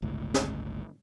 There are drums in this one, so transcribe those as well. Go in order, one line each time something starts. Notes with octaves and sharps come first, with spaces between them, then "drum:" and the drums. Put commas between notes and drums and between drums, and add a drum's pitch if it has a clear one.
G1 C#2 A2
drum: snare